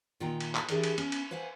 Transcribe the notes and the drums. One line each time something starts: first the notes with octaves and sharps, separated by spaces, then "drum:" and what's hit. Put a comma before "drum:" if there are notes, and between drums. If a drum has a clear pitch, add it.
A#2 D#3 F4 F#5 G5 A#5
drum: cymbal
drum: clap
E3 D4 G4 G#4 A#4 D5, drum: cymbal
drum: cymbal
B3 C#4, drum: cymbal
drum: cymbal
B4 C5 F5 F#5 G#5